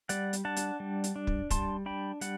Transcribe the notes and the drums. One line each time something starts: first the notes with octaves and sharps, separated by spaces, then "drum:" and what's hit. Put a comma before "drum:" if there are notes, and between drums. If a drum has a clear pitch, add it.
G3 D5 F#5, drum: hi-hat
drum: hi-hat
D4 F#5 A5
drum: hi-hat
G3
drum: hi-hat
D4
drum: kick
G3 A5 C6, drum: kick, hi-hat
D4 G5 B5
G3 F#5, drum: hi-hat